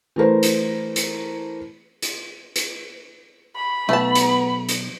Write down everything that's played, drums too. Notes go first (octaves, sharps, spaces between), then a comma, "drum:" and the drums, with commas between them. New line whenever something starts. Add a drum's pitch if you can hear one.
E3 A3 A#4 C5
drum: hi-hat
drum: hi-hat
drum: hi-hat
drum: hi-hat
B5
B1 A3 B3 A5
drum: hi-hat
drum: hi-hat